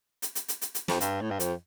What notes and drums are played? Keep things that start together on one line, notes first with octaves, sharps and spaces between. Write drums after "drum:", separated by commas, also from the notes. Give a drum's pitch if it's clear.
drum: hi-hat
drum: hi-hat
drum: hi-hat
drum: hi-hat
drum: hi-hat
F2, drum: snare
G2, drum: hi-hat
A2
G2
F2, drum: hi-hat